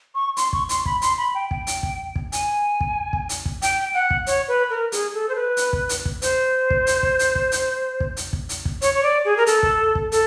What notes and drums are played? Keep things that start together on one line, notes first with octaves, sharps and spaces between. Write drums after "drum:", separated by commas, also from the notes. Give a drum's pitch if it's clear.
C#6
C6, drum: hi-hat
C#6, drum: kick
C6, drum: hi-hat
B5, drum: kick
C6, drum: hi-hat
B5
G5
G5, drum: kick
drum: hi-hat
drum: kick
drum: kick
G#5, drum: hi-hat
drum: kick
drum: kick
drum: hi-hat
drum: kick
G5, drum: hi-hat
F#5
drum: kick
C#5, drum: hi-hat
B4
A#4
G#4, drum: hi-hat
A4
C5
B4
drum: hi-hat
drum: kick
drum: hi-hat
drum: kick
C5, drum: hi-hat
drum: kick
drum: hi-hat
drum: kick
drum: hi-hat
drum: kick
drum: hi-hat
drum: kick
drum: hi-hat
drum: kick
drum: hi-hat
drum: kick
C#5, drum: hi-hat
C#5
D5
G#4
A#4
A4, drum: hi-hat
drum: kick
drum: kick
A4, drum: hi-hat